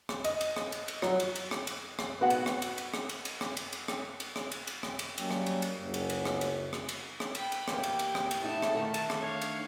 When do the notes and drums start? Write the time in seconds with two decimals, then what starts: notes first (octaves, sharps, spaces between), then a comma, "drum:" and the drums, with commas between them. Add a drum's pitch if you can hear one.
0.09 drum: rim click
0.24 D#5, drum: cymbal
0.41 drum: cymbal
0.56 drum: rim click
0.72 drum: cymbal
0.88 drum: cymbal
1.02 F#3, drum: rim click
1.20 drum: cymbal
1.36 drum: cymbal
1.51 drum: rim click
1.67 drum: cymbal
1.99 drum: rim click
2.21 B3 F#4 F#5
2.30 drum: cymbal
2.46 drum: rim click
2.62 drum: cymbal
2.78 drum: cymbal
2.94 drum: rim click
3.09 drum: cymbal
3.25 drum: cymbal
3.41 drum: rim click
3.57 drum: cymbal
3.73 drum: cymbal
3.88 drum: rim click
4.20 drum: cymbal
4.36 drum: rim click
4.52 drum: cymbal
4.67 drum: cymbal
4.83 drum: rim click
4.99 drum: cymbal
5.18 F#3 G3 A#3 C#4 G5, drum: cymbal
5.31 drum: rim click
5.46 drum: cymbal
5.62 drum: cymbal
5.81 F#1 C#2 F#2
5.94 drum: cymbal
6.10 drum: cymbal
6.25 drum: rim click
6.41 drum: cymbal
6.73 drum: rim click
6.89 drum: cymbal
7.20 drum: rim click
7.35 G5 B5, drum: cymbal
7.52 drum: cymbal
7.68 E2 A#3 G4, drum: rim click
7.83 drum: cymbal
7.99 drum: cymbal
8.15 drum: rim click
8.31 drum: cymbal
8.42 A3 D#4 E4 A5
8.62 drum: rim click
8.75 D3 D#3 A3
8.94 drum: cymbal
9.10 drum: rim click
9.19 C#5 F5
9.41 drum: cymbal